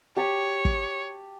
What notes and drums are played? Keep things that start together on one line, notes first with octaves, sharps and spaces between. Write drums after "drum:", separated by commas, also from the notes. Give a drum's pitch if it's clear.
G4 C#5 A5
drum: kick